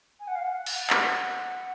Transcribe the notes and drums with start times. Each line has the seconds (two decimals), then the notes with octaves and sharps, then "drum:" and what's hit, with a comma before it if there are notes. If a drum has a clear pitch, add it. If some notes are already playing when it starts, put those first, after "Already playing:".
0.20 G#5
0.28 F#5
0.35 F5
0.43 F#5
0.66 drum: cymbal
0.90 drum: clap